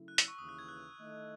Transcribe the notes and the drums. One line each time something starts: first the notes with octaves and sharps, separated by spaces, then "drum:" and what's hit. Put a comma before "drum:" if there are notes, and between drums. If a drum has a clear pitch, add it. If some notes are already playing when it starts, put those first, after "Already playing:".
Already playing: C#3 F#3 A3 E4
F#6
E6, drum: hi-hat
C#6
D#2 C#3 E3 D#6
F#6
G#6
F#6
D#3 A3 E4 A4 D#5